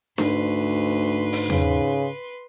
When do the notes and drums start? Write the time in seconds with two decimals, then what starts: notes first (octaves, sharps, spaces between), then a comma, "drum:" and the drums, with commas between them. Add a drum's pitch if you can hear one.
0.18 D2 G#2 B4 C6, drum: snare D4
1.33 drum: open hi-hat
1.50 C#3, drum: tom E2